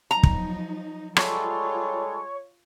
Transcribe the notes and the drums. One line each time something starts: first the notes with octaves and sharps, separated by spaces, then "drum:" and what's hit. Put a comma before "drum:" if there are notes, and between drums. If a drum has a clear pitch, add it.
F3 F#3 D#4 A#5
drum: kick
G3 G#3 F4 A4 C#5, drum: rim click